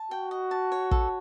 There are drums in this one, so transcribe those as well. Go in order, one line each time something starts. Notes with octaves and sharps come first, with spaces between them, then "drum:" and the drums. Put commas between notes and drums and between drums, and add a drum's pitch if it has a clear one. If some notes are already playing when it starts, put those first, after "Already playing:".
Already playing: A5
F#4 G5
D#5
A5
C#5
A4, drum: kick